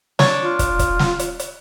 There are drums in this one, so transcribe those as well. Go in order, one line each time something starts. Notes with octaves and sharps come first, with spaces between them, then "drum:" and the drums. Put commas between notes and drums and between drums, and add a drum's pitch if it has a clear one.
D4 C#5, drum: snare
F4
drum: kick, hi-hat
drum: kick, hi-hat
drum: snare
drum: hi-hat
drum: hi-hat